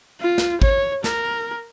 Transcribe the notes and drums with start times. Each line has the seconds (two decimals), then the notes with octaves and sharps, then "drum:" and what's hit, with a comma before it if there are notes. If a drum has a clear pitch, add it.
0.21 F4
0.38 drum: snare
0.62 C#5, drum: kick
1.04 A#4, drum: snare